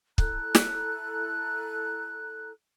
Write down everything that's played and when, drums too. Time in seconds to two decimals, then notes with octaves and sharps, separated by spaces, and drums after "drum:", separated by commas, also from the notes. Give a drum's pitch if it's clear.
0.18 E4 A4 A#5 F#6, drum: kick
0.55 drum: snare